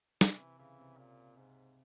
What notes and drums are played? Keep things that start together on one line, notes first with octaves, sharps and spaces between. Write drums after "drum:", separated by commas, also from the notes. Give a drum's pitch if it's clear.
C3 E3, drum: snare
C3
C#3 E3
C3
A#2
G#2 C3